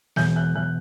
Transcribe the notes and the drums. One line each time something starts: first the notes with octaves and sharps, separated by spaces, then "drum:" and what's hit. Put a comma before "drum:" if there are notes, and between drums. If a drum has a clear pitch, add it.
E1 G6, drum: snare
F#6
E1 F#6